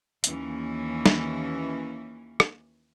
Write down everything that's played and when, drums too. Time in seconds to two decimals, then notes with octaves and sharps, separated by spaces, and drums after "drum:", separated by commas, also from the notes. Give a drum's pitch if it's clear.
0.24 D#2 E3 C#4, drum: hi-hat
1.06 drum: snare
2.40 drum: rim click